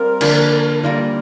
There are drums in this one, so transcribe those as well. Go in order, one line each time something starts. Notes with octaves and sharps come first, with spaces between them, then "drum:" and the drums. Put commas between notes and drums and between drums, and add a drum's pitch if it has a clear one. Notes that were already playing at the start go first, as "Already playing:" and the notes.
Already playing: G3 C4 F4 A#4
D3 F3 A#3 D4, drum: cymbal
G3 A#3 F4 A#4